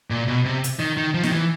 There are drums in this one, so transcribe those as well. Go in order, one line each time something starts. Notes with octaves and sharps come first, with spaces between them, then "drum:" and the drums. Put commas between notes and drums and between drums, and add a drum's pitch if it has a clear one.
A#2
B2
C3
drum: hi-hat
D#3
D#3
F3
D#3, drum: snare
E3